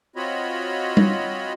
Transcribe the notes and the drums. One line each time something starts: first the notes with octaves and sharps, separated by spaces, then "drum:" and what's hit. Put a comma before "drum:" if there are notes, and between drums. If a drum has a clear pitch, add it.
C4 F4 F#4 C#5 D#5 B5
drum: tom G3